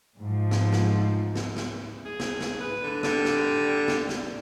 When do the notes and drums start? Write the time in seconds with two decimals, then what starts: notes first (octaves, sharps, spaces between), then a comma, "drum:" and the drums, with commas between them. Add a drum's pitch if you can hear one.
0.18 G#2 F3
0.51 drum: snare
0.72 drum: snare
1.36 drum: snare
1.57 drum: snare
2.05 G#4
2.20 drum: snare
2.41 drum: snare
2.61 B4
2.83 D3
3.03 D3 G3, drum: snare
3.25 drum: snare
3.88 drum: snare
4.09 drum: snare